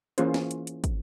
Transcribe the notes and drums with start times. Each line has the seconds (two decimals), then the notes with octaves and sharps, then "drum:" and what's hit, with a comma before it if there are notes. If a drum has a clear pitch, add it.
0.18 E3 A#3 C#4 F4 G#4 C5, drum: hi-hat
0.34 drum: snare
0.51 drum: hi-hat
0.67 drum: hi-hat
0.84 drum: kick, hi-hat